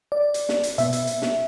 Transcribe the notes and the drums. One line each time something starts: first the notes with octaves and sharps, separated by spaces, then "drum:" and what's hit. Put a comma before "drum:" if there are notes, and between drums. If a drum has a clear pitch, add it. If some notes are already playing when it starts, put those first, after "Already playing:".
D5
drum: hi-hat
drum: snare
drum: hi-hat
B2 B3 E5, drum: hi-hat
drum: hi-hat
drum: hi-hat
drum: snare